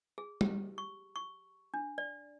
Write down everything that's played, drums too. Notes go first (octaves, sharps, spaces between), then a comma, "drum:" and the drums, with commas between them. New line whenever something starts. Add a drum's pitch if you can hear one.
G#4
G4, drum: tom
C#6
C#6
D4
D5